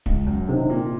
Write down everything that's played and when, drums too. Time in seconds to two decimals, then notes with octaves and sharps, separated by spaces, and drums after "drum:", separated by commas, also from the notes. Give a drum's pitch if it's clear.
0.06 C#2, drum: kick
0.27 F#2
0.48 C3 D#3
0.70 A#2